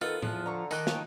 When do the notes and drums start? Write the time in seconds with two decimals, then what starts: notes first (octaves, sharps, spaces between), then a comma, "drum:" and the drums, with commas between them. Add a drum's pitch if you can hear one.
0.02 D#3 B3 F4 A4
0.22 E2 F3 F4 A5 F#6, drum: tom A2
0.46 D3 A#5 C#6
0.71 D#3 A3 D#4 G5 A5 D6 F#6, drum: tambourine
0.87 F4 C#5 G5, drum: snare